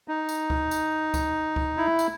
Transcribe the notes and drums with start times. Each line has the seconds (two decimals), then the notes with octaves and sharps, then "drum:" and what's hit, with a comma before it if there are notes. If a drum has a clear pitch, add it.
0.08 D#4
0.29 drum: tambourine
0.50 drum: kick
0.71 drum: tambourine
1.14 drum: kick, tambourine
1.56 drum: kick
1.77 E4
1.99 drum: tambourine